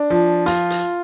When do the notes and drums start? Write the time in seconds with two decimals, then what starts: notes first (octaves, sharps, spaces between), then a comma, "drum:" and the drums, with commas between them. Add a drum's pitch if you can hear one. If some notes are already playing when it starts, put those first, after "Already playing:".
Already playing: D4
0.10 F3
0.46 F4, drum: hi-hat
0.70 drum: hi-hat